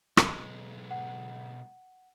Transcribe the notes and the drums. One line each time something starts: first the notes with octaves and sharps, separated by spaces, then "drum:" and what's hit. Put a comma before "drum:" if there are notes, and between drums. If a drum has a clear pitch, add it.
B1 G#3, drum: rim click
F#5